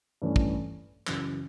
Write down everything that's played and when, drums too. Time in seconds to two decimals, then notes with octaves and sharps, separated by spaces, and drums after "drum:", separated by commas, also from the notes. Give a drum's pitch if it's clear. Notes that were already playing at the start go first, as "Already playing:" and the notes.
0.22 G2 E3 A3 C#4
0.36 drum: kick
1.07 F#2 C#3 E3, drum: clap